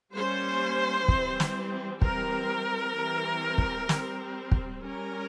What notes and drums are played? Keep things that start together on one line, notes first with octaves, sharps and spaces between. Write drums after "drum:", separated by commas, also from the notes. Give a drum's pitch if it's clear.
G3 A#3 C#4 C5
E3 G3 C4, drum: kick
drum: snare
E3 G3 C4 A#4, drum: kick
E3 G3 C4
drum: kick
G3 C4, drum: snare
drum: kick
G3 C#4 A#4